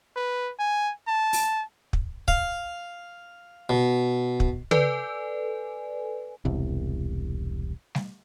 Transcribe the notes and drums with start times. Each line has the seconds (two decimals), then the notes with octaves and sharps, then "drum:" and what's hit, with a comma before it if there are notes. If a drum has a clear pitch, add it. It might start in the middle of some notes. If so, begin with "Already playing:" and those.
0.16 B4
0.59 G#5
1.08 A5
1.33 drum: open hi-hat
1.93 drum: kick
2.28 F5, drum: kick
3.69 B2
4.40 drum: kick
4.71 A4 B4 D5 G#5, drum: tom C#3
6.45 E1 C2
7.95 drum: snare G3